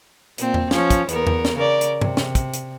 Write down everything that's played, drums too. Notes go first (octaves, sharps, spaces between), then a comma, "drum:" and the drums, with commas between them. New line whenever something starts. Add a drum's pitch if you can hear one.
A#2 C4, drum: hi-hat
drum: tom E2
F3 C#4, drum: snare
drum: kick, hi-hat
E2 B3 A#4, drum: hi-hat
drum: tom E2
drum: snare
C#3 A#4 D5
drum: hi-hat
C3, drum: tom
drum: snare
drum: kick, hi-hat
drum: hi-hat